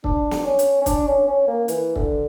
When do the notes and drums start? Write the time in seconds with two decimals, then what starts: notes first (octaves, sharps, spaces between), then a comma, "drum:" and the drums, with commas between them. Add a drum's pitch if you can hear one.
0.04 D4, drum: kick
0.31 drum: snare
0.45 C#4
0.59 drum: hi-hat
0.81 C#4
0.86 D4, drum: kick, hi-hat
1.07 C#4
1.27 C#4
1.48 A#3
1.68 E3, drum: hi-hat
1.96 D3, drum: kick